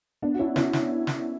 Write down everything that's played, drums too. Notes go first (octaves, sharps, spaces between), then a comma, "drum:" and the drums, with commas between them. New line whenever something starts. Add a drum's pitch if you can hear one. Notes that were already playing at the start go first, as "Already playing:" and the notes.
B3 D4
F#4
C#4 E4
C#4 E4, drum: snare
drum: snare
drum: snare